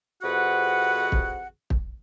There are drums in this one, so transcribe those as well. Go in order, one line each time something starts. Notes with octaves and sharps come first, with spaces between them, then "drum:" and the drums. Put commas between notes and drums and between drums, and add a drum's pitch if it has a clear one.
F2 C3 F#4 G#4 B4 F#5
drum: kick
drum: kick